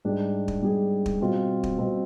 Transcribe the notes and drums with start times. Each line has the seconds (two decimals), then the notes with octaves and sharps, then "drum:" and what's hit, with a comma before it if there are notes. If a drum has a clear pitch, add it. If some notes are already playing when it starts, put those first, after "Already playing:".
0.05 G#2 G3 D4 G#4
0.48 drum: kick
0.62 G#2 G3 D4 G#4
1.06 drum: kick
1.21 B2 G3 C4 F4
1.63 drum: kick
1.78 B2 G3 C4 F4